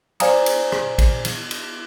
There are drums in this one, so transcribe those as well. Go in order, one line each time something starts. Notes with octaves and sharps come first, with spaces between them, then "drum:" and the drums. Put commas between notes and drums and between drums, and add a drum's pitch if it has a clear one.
C5 D5 F5 G#5 A#5 D#6, drum: cymbal
drum: cymbal
drum: rim click
drum: kick A1, cymbal
drum: cymbal
drum: cymbal